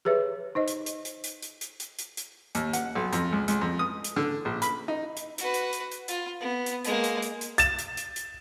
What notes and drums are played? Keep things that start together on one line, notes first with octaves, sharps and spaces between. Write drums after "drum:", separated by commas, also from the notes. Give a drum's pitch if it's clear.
G4 G#4 B4 C#5 E5
D#4 C5 D#5
drum: hi-hat
drum: hi-hat
drum: hi-hat
drum: hi-hat
drum: hi-hat
drum: hi-hat
drum: hi-hat
drum: hi-hat
drum: hi-hat
D#2, drum: hi-hat
F#5, drum: hi-hat
B1
F2, drum: hi-hat
C#2
C#2, drum: hi-hat
F2
D#6
drum: hi-hat
D3
A#1
B5, drum: hi-hat
D#4
drum: hi-hat
F#4 B4, drum: hi-hat
drum: hi-hat
drum: hi-hat
drum: hi-hat
F4, drum: hi-hat
B3
drum: hi-hat
G#3 A#3, drum: hi-hat
drum: hi-hat
drum: hi-hat
drum: hi-hat
A6 E7, drum: hi-hat
drum: hi-hat
drum: hi-hat
drum: hi-hat